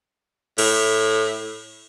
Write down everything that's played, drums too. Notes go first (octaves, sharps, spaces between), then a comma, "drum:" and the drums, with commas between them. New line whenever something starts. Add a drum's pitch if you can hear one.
A2, drum: cymbal